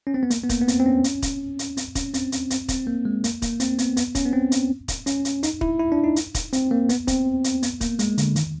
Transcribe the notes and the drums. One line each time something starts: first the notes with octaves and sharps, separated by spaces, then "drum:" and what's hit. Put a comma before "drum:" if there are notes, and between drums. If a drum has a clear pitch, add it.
C#4
C4
B3
A#3, drum: hi-hat
B3
A#3, drum: kick, hi-hat
B3
C4, drum: hi-hat
C4
C#4
drum: hi-hat
drum: kick, hi-hat
drum: hi-hat
C4, drum: hi-hat
C#4, drum: kick, hi-hat
C4, drum: hi-hat
drum: hi-hat
C4, drum: hi-hat
C4, drum: kick, hi-hat
A#3
G#3
A#3, drum: hi-hat
A#3, drum: kick, hi-hat
C4, drum: hi-hat
B3, drum: hi-hat
B3, drum: hi-hat
C#4, drum: kick, hi-hat
B3
C4
drum: hi-hat
drum: kick, hi-hat
C#4, drum: hi-hat
drum: hi-hat
D#4, drum: hi-hat
E4, drum: kick
E4
D4
D#4
drum: hi-hat
drum: kick, hi-hat
C4, drum: hi-hat
A#3
B3, drum: hi-hat
C4, drum: kick, hi-hat
drum: hi-hat
B3, drum: hi-hat
A#3, drum: kick, hi-hat
G#3, drum: hi-hat
D3, drum: hi-hat
D#3, drum: hi-hat